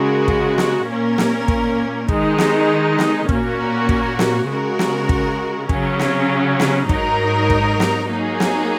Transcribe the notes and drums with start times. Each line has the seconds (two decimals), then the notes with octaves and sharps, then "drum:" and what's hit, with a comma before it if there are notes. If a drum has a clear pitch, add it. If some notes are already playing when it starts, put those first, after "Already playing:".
Already playing: C#3 G#3 F#4 A#4
0.28 drum: kick
0.58 drum: snare
0.88 A#2 A#3 C#4 A#4
1.18 drum: snare
1.48 drum: kick
2.09 D#3 G#3 D#4, drum: kick
2.38 drum: snare
2.99 drum: snare
3.29 A#2 A#3 C#4 F#4 A#4, drum: kick
3.89 drum: kick
4.19 drum: snare
4.49 C#3 G#3 F#4 A#4
4.79 drum: snare
5.09 drum: kick
5.69 C#3 F#3 C#4, drum: kick
5.99 drum: snare
6.60 drum: snare
6.89 G#2 F#3 D#4 A#4, drum: kick
7.50 drum: kick
7.80 drum: snare
8.10 F#3 A#3 D#4 G#4
8.40 drum: snare